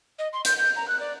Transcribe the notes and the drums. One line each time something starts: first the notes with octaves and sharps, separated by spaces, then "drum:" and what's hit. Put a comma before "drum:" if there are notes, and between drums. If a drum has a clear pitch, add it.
D#5
C6
G6, drum: hi-hat
G6
A#5
F#6
D5